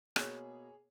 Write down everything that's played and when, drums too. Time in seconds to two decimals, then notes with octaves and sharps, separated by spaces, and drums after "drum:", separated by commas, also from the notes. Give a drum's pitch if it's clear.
0.16 B2 A#3 G#4 C#5, drum: rim click